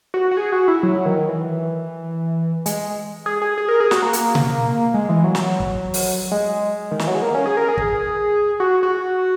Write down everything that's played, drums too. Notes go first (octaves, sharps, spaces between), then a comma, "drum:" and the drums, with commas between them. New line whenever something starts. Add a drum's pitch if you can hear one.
F#4
F#4
G#4
F#4
E4
F#3
D#3
E3
G#3, drum: hi-hat
G#4
G#4
G#4
A#4
G#4
F#4, drum: snare
A#3
drum: hi-hat
drum: tom B2
G#3
E3
F#3
drum: snare
drum: kick
drum: open hi-hat
G#3
D#3
E3, drum: snare
F#3
G#3
A#3
C#4
G#4
A#4
G#4
drum: kick
F#4
F#4